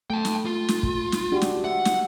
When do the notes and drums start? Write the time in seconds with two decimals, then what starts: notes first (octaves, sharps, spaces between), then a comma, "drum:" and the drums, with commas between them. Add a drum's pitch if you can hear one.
0.10 A3 G5 A5
0.25 drum: snare
0.46 F4
0.68 drum: snare
0.83 drum: kick
1.12 drum: snare
1.32 D4 F#4 G4
1.42 drum: snare
1.64 E5 F#5
1.85 drum: snare